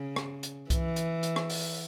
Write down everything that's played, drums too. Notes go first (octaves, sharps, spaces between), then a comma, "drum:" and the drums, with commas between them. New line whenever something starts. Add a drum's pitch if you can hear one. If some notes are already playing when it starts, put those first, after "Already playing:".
Already playing: C#3
drum: rim click
drum: hi-hat
E3, drum: kick C2, hi-hat
drum: hi-hat
drum: hi-hat
drum: rim click
drum: open hi-hat